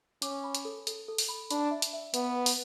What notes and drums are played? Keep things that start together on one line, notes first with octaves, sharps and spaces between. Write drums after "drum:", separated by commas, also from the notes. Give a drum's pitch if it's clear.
C#4 D6, drum: hi-hat
B5
drum: hi-hat
A4
A4, drum: hi-hat
A4
drum: open hi-hat
B5
D4 B5, drum: hi-hat
E5
drum: hi-hat
E5
B3 B4, drum: hi-hat
B4
drum: open hi-hat